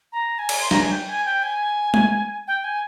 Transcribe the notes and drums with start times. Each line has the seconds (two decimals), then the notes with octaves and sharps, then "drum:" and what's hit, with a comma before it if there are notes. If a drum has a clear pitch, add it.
0.12 A#5
0.39 G#5
0.49 drum: cymbal
0.61 C6
0.71 A#5, drum: snare
0.81 G#5
0.91 G5
1.09 G#5
1.26 G5
1.43 G#5
1.94 drum: tom G#3
2.47 G5
2.64 G#5